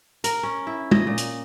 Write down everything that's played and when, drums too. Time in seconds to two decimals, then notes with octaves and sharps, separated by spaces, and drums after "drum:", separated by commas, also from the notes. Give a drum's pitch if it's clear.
0.24 A#4, drum: hi-hat
0.43 C#4
0.67 E4
0.91 D#5, drum: tom
1.07 A#2
1.18 drum: hi-hat